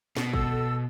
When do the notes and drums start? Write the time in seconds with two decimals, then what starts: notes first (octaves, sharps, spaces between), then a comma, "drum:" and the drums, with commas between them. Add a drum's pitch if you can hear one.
0.17 B2, drum: snare
0.34 A4 E6, drum: kick